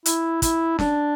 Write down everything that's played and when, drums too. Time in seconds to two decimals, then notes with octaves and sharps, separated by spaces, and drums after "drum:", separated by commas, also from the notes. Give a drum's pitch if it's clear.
0.06 E4, drum: hi-hat
0.42 E4, drum: kick, hi-hat
0.79 D4, drum: snare